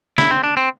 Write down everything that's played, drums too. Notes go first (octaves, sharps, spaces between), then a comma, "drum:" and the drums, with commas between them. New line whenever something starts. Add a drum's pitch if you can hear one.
E4, drum: snare
C4
D4
C4